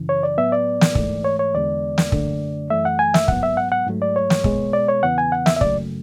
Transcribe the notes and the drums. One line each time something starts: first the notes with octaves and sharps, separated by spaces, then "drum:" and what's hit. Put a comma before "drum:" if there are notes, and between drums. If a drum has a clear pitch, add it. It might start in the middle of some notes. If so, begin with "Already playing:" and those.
Already playing: F#2 C#3 E3
C#5
D5
A2 F#3 B3 E5
D5
drum: snare
G#2 E3 A3, drum: kick
C#5
C#5
E2 D3 G#3 B3 D5
drum: snare
F#2 D3 A3, drum: kick
F#2 E3 A3 E5
F#5
G#5
E5, drum: snare
G#2 F#3 B3 F#5, drum: kick
E5
F#5
F#5
G#2 F#3 A3
D5
C#5
drum: snare
B2 G#3 B3, drum: kick
D5
C#5
E2 C#3 E3 B3 F#5
G#5
F#5
E5, drum: snare
E5
F#2 C#3 F#3 A3 D5, drum: kick